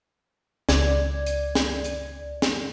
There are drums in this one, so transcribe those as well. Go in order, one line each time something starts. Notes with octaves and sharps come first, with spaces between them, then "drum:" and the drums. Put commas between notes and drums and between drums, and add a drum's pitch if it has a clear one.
C#2 D5 G#6, drum: snare
drum: hi-hat
drum: snare
drum: hi-hat
drum: snare